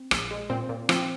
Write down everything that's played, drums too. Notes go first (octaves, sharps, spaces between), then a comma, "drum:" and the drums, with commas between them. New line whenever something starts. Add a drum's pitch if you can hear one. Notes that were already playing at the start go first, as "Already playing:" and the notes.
Already playing: C4
A#1, drum: rim click
G#3
A#2 C4
A#2
F3 C4, drum: rim click